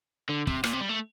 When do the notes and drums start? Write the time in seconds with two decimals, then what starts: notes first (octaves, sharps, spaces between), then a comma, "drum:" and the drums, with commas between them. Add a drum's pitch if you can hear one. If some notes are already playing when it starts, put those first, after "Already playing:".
0.29 D3
0.47 C3, drum: kick
0.64 A#2, drum: rim click
0.73 C3
0.81 G3
0.89 A3